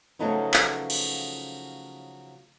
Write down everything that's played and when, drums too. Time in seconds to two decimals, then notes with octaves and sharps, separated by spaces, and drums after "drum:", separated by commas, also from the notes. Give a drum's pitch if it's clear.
0.19 C#3 F3 F#3 A3 B3 D#4
0.54 drum: clap
0.90 drum: cymbal